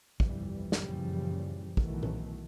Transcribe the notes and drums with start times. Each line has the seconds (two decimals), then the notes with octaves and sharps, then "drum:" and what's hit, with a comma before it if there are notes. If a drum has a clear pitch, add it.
0.20 G1 C2 F2 E3 G3, drum: kick
0.72 F#2 A#2 C#3 E3 F3 G3, drum: snare
1.77 B1 B2 D#3 E3 A3, drum: kick
2.03 drum: tom A#2